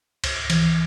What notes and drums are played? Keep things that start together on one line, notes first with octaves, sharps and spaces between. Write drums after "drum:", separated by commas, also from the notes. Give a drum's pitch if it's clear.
C#2, drum: cymbal
E3, drum: cymbal